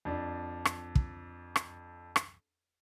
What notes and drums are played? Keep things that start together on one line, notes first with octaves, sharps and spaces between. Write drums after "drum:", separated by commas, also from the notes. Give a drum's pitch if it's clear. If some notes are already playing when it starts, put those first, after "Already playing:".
F2 D4
drum: rim click
drum: kick
drum: rim click
drum: rim click